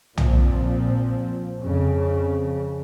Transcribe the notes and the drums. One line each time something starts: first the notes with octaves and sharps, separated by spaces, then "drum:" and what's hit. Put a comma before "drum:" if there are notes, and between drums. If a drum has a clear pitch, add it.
A#2 F3 C4, drum: tom
F2 C#3